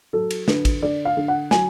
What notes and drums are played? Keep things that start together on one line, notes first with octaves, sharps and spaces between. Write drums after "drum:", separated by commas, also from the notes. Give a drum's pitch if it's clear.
F#3 A4
drum: cymbal
D3 B4, drum: snare
drum: kick, cymbal
D3 D5
F5
D3
F#5
F#3 G#5, drum: snare